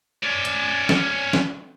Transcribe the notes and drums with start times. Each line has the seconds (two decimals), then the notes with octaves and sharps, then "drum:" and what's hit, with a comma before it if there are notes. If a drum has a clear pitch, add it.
0.23 C#4 D5
0.45 drum: hi-hat
0.89 drum: snare
1.33 drum: snare